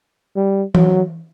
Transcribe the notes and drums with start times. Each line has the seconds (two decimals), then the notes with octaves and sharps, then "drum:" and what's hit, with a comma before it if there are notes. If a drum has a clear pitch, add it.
0.36 G3
0.75 F#3, drum: tom E3